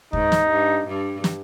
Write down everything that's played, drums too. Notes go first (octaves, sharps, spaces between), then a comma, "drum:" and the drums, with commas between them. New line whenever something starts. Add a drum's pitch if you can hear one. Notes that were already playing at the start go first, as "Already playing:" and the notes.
G#2 D#4, drum: kick D2
drum: snare
G2
G2
drum: snare